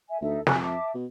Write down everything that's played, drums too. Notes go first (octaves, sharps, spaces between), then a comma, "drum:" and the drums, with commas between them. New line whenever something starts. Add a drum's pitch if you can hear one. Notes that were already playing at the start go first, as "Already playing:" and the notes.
E5 G#5
D2 D#4 A4 E5
F2 G4 G#5 F#6, drum: snare
E5 A5 D6
B2